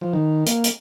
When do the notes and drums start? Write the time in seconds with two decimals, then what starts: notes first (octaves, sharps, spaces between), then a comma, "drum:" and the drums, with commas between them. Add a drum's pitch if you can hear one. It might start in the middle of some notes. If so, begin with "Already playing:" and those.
0.01 F3
0.13 D#3
0.46 A#3, drum: hi-hat
0.64 drum: hi-hat